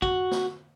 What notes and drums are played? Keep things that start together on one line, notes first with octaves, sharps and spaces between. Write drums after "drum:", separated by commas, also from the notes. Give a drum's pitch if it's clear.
F#4, drum: kick
drum: snare